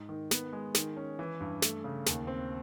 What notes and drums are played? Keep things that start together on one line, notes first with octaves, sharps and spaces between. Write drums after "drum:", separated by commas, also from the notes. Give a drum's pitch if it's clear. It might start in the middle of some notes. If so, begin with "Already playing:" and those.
Already playing: G#2
D#3
B3, drum: snare
G#3
D#3, drum: snare
C#4
E3
G2
A3, drum: snare
C#3
D#2, drum: snare
C4